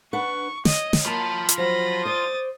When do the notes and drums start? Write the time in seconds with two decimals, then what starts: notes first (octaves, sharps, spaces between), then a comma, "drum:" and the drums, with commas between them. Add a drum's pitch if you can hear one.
0.13 D4 B4 F#5 C#6
0.65 C#5 D#5, drum: snare
0.93 drum: snare
1.06 F#3 A#3 F4 A5 B5
1.49 drum: hi-hat
1.58 F3 F#3 B5 A#6
2.05 C5 D5 D#6 A6